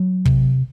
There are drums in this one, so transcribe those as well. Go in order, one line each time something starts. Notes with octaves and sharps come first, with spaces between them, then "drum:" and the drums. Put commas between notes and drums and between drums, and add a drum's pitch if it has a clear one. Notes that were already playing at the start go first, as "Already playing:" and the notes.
Already playing: F#3
C3, drum: kick